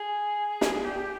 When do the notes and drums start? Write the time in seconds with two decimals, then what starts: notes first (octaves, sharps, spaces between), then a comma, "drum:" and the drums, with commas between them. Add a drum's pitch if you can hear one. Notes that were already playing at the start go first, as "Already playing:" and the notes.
Already playing: G#4
0.61 drum: snare
0.84 G4